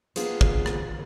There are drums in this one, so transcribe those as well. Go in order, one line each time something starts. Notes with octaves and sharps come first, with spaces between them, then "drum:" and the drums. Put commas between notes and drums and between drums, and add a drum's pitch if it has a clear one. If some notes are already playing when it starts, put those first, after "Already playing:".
A#3 B3 D4 F4 G#4 C5, drum: hi-hat
drum: kick
drum: rim click